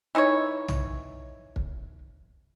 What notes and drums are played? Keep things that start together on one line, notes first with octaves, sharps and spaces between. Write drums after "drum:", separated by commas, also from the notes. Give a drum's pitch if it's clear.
E3 D#4 A#4 C#5
drum: tom
drum: kick